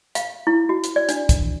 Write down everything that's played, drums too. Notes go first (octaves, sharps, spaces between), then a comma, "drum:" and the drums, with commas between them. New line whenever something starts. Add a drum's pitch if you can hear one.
F5, drum: hi-hat
E4
F#4
drum: hi-hat
D5
D4, drum: hi-hat
drum: kick, hi-hat